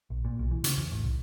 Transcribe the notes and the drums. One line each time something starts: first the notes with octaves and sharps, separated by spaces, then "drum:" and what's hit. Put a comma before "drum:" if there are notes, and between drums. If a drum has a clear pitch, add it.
A#1
A#2
B1
E3
C#3, drum: hi-hat
E2
A1
C2